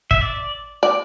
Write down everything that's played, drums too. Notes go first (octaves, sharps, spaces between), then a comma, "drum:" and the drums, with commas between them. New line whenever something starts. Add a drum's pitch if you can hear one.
E5, drum: kick
D5
D5